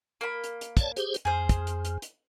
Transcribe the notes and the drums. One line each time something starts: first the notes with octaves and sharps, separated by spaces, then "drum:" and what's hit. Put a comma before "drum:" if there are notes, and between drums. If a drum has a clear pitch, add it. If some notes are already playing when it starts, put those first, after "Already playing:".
A#3 B5
drum: hi-hat
drum: hi-hat
C#5 D5 A5, drum: kick, hi-hat
G4 G#4 C5, drum: hi-hat
drum: hi-hat
F2 G#4 C5
drum: kick, hi-hat
drum: hi-hat
drum: hi-hat
drum: hi-hat